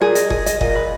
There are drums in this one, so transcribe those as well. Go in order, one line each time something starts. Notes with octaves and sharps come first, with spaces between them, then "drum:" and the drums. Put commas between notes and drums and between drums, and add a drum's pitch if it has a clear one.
A#2 G#4
D#5, drum: hi-hat
G#4, drum: kick F#1
D#5, drum: hi-hat
A#2 D#5, drum: kick F#1
B4